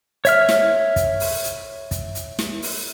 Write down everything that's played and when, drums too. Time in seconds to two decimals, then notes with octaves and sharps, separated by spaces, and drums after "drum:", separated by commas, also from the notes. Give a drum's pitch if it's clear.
0.25 C#5 E5 F6, drum: hi-hat
0.49 drum: snare
0.96 drum: kick, hi-hat
1.20 drum: open hi-hat
1.44 drum: hi-hat
1.91 drum: kick, hi-hat
2.15 drum: hi-hat
2.39 drum: snare
2.62 drum: open hi-hat